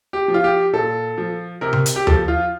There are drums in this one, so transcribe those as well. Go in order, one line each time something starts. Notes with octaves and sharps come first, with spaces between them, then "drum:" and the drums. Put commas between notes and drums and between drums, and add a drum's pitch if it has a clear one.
G4
F3
F4
G4
A#2 A4
F3
C3 A#4
drum: tom C3
drum: hi-hat
G4
F3 A4, drum: tom D#2
F4